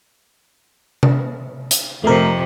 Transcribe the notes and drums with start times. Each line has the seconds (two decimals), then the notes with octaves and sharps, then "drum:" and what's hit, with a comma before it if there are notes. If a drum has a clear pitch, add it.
1.03 drum: tom C3
1.71 drum: hi-hat
2.04 F2 C3 A3 A#4